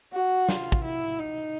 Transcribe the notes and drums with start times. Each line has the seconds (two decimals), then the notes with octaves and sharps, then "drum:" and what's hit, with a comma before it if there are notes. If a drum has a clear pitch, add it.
0.13 F#4
0.49 F4, drum: snare
0.72 drum: kick
0.84 E4
1.20 D#4